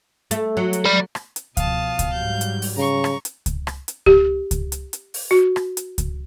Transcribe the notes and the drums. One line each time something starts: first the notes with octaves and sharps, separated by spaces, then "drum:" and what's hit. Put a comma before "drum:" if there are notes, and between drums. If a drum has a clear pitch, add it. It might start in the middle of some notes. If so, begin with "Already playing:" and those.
A3, drum: hi-hat
F#3
drum: hi-hat
D5 B5
drum: rim click
drum: hi-hat
B2 F3 F5 A5 D#6, drum: kick C#2, hi-hat
drum: kick C#2, hi-hat
G#2 F#3 G3 G6
drum: hi-hat
drum: open hi-hat
C#3 A#5 C#6
drum: rim click
drum: hi-hat
drum: kick C#2, hi-hat
drum: rim click
drum: hi-hat
G4, drum: kick C#2
drum: kick C#2, hi-hat
drum: hi-hat
drum: hi-hat
drum: open hi-hat
F#4
drum: rim click
drum: hi-hat
drum: kick C#2, hi-hat